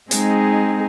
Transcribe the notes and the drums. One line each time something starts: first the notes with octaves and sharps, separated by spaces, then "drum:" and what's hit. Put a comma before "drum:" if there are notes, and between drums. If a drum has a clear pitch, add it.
G#3 C4 D#4 G#4, drum: hi-hat